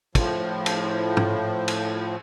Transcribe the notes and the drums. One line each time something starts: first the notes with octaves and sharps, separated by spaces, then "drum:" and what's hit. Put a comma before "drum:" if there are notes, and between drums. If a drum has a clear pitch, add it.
A2 F3, drum: kick, cymbal
drum: cymbal
drum: tom
drum: cymbal